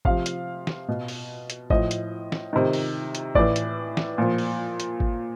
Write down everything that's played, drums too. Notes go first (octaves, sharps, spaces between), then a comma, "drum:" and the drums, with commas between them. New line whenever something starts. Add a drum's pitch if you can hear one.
C3 F3 F5, drum: kick G#1
drum: hi-hat
drum: snare
B2
drum: open hi-hat
drum: hi-hat
A2 F3 D#5, drum: kick G#1
drum: hi-hat
drum: snare
C3 D#3
drum: open hi-hat
drum: hi-hat
A2 E3 D5, drum: kick G#1
drum: hi-hat
drum: snare
A#2 F3
drum: open hi-hat
drum: hi-hat
drum: kick G#1